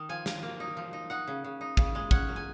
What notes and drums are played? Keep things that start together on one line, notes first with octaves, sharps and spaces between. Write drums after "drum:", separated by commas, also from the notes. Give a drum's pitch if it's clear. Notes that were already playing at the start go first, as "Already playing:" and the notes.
Already playing: D#3 D#4
F3 G#5
F3, drum: snare
A#3
D#4
F3
D#4
D#4 F#5
C#3
C#3
D#4
C#3, drum: kick
G#3
C#4 F#5, drum: kick
F#3
G#5